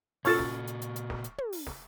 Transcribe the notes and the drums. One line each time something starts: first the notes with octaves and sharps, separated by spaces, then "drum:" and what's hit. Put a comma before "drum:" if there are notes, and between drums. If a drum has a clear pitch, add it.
A#2 C#4 F4 F#4 A4 C#6 F6 A6, drum: open hi-hat
drum: snare
drum: hi-hat
drum: hi-hat
drum: hi-hat
drum: snare
drum: hi-hat
drum: tom
drum: open hi-hat
drum: snare